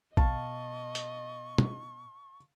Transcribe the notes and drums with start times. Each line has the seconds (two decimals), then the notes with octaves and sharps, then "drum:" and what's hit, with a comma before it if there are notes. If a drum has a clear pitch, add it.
0.17 B2 D#5 F5 A5 C#6, drum: kick A#1
0.95 drum: hi-hat
1.58 drum: tom